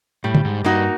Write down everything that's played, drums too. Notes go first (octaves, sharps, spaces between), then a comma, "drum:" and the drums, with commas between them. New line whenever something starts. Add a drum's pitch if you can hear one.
A2 G3
drum: tom
G#2
G2 A#3 D#4 F#4